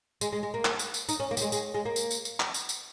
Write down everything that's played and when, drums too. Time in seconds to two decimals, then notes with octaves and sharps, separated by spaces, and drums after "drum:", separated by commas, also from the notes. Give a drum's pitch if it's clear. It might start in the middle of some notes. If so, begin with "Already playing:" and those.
0.21 G#3, drum: tambourine
0.32 G#3
0.43 G#3
0.54 A#3
0.65 drum: clap
0.79 drum: tambourine
0.94 drum: tambourine
1.09 D#4, drum: tambourine
1.20 C#4
1.31 A#3
1.37 G3, drum: tambourine
1.41 G#3
1.52 G#3, drum: tambourine
1.74 G#3
1.85 A#3
1.96 drum: tambourine
2.11 drum: tambourine
2.25 drum: tambourine
2.40 drum: clap
2.54 drum: tambourine
2.69 drum: tambourine